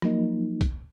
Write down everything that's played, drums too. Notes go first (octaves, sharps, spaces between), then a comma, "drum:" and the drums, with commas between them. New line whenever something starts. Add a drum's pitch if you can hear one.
F3 F#3 A#3 D#4, drum: rim click
drum: kick B1, hi-hat